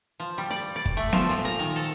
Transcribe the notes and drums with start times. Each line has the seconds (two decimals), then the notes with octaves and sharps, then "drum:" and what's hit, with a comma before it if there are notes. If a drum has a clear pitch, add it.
0.20 F3
0.38 G3
0.50 D5
0.76 D5
0.86 drum: kick
0.97 A3
1.13 F3, drum: snare B3
1.29 A#2
1.45 A#5
1.59 D#3
1.76 A4